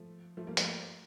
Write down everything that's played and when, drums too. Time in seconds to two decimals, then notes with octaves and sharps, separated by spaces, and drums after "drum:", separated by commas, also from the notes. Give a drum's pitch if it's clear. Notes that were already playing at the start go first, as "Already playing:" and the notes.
Already playing: F3 A3
0.37 F3 A3
0.47 G3 A#3
0.57 F3 A3, drum: hi-hat